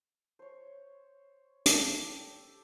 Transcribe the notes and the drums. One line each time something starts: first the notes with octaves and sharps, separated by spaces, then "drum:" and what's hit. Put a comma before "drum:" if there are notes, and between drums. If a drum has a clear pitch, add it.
C5 C#5
G4 A4, drum: hi-hat